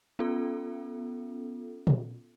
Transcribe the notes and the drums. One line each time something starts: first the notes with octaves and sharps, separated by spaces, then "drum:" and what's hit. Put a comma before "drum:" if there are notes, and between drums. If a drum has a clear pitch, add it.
B3 C#4 F4 A4
drum: tom